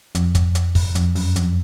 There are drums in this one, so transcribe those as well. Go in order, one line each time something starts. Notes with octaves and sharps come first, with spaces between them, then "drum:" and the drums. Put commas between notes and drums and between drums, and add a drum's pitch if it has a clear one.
F2, drum: hi-hat
drum: kick, hi-hat
drum: hi-hat
drum: kick, open hi-hat
F2, drum: hi-hat
F#2, drum: open hi-hat
F2, drum: hi-hat